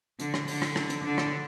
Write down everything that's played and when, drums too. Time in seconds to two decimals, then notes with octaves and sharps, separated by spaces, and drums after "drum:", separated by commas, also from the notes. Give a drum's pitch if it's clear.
0.19 D3, drum: hi-hat
0.34 drum: rim click
0.48 D3, drum: open hi-hat
0.62 drum: rim click
0.76 drum: rim click
0.90 drum: hi-hat
1.04 D3
1.18 drum: rim click